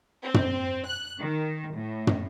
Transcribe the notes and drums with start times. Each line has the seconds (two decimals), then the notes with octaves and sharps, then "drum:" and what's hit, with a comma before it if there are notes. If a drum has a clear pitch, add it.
0.24 C4
0.34 drum: tom
0.87 F#6
1.21 D#3
1.77 A2
2.07 drum: tom